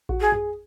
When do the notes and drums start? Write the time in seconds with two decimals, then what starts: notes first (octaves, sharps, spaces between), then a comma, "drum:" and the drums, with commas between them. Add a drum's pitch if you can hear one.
0.09 F#4, drum: kick A1
0.20 G#4
0.32 G#4, drum: tom